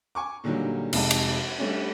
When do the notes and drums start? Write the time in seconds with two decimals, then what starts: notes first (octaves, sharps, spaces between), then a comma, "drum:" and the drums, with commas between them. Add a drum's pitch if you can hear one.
0.15 G#5 C#6 D6
0.44 A#2 D3 D#3 F#3 G3
0.93 F1 C3 G#3 D#4 A5, drum: cymbal
1.11 drum: cymbal
1.59 G3 A3 C#4 D4